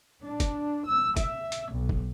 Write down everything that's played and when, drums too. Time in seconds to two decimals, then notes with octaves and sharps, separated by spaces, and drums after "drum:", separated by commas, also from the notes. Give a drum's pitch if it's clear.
0.21 D4
0.40 drum: kick, hi-hat
0.84 E6
1.17 E5, drum: kick, hi-hat
1.52 drum: hi-hat
1.70 B1
1.89 drum: kick